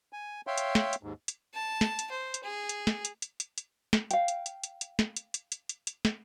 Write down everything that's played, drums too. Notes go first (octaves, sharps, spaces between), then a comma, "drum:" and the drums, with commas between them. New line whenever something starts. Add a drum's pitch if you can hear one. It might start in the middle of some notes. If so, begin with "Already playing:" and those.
G#5
C#5 E5 F5 G5 C6
drum: hi-hat
drum: snare
drum: hi-hat
D#2 G#2
drum: hi-hat
A5
drum: snare
drum: hi-hat
C5
drum: hi-hat
G#4
drum: hi-hat
drum: snare
drum: hi-hat
drum: hi-hat
drum: hi-hat
drum: hi-hat
drum: snare
F5 G5, drum: hi-hat
drum: hi-hat
drum: hi-hat
drum: hi-hat
drum: hi-hat
drum: snare
drum: hi-hat
drum: hi-hat
drum: hi-hat
drum: hi-hat
drum: hi-hat
drum: snare